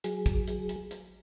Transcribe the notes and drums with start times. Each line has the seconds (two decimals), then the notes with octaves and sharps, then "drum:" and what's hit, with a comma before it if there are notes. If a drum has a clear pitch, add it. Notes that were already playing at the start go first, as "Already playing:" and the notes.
0.04 F#3 G#4, drum: hi-hat
0.26 drum: kick, hi-hat
0.48 drum: hi-hat
0.69 drum: hi-hat
0.91 drum: hi-hat